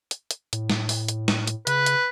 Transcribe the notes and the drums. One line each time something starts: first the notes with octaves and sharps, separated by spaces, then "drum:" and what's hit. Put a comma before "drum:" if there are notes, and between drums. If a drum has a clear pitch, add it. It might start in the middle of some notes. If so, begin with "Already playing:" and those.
drum: hi-hat
drum: hi-hat
A2, drum: hi-hat
drum: snare
drum: open hi-hat
drum: hi-hat
drum: snare
drum: hi-hat
C#3 B4, drum: hi-hat
drum: hi-hat